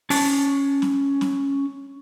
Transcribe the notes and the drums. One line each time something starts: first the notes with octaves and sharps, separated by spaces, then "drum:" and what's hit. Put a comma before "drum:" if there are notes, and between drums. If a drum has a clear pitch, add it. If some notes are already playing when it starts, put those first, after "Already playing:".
C#4 A5, drum: open hi-hat
drum: snare C#4
drum: snare C#4